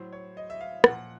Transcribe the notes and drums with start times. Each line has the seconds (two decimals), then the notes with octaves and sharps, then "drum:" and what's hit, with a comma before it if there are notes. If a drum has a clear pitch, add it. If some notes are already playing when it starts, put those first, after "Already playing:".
Already playing: A2 F#3 C5
0.12 C#5
0.37 D#5
0.50 E5
0.61 F5
0.84 A#2 F3 F#5, drum: rim click